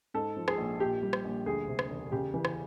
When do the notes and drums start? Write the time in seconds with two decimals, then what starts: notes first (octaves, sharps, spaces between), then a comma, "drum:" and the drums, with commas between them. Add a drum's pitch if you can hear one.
0.14 G#2 A4
0.36 F3
0.48 G#4, drum: rim click
0.58 A#1
0.80 A#2 G4
1.02 G3
1.13 drum: rim click
1.25 A#1
1.46 D2 G#4
1.68 C3
1.79 drum: rim click
1.90 E1
2.12 C#3 G4
2.34 E3
2.45 drum: rim click